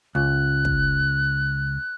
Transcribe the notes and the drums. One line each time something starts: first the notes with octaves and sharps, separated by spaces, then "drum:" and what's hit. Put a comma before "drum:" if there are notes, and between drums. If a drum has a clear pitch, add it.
C#2 F#6
drum: kick